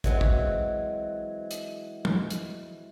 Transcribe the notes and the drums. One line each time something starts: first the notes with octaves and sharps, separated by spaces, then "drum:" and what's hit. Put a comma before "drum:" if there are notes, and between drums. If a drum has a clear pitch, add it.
E3 F#3 G#3 C4, drum: kick
drum: kick
drum: hi-hat
drum: tom
drum: hi-hat